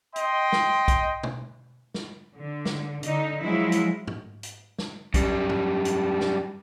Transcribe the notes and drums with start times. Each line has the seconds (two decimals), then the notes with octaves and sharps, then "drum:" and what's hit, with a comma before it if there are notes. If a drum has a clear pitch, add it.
0.16 D#5 G5 C6, drum: hi-hat
0.52 drum: snare
0.88 drum: kick B1, hi-hat
1.23 drum: tom
1.94 drum: snare
2.36 D3
2.65 drum: snare
3.03 D3 D#4, drum: hi-hat
3.42 F3 F#3 G#3 E4
3.72 drum: hi-hat
4.07 drum: tom
4.43 drum: hi-hat
4.79 drum: snare
5.14 F#2 G3, drum: kick B1, hi-hat
5.50 drum: tom
5.85 drum: hi-hat
6.21 drum: snare